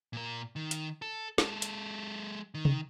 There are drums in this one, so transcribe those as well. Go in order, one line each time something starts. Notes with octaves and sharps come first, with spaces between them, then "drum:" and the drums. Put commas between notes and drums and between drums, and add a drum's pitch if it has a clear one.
A#2 A#4
D#3
drum: hi-hat
A4
G#3 A4, drum: snare
drum: hi-hat
D#3
drum: tom C3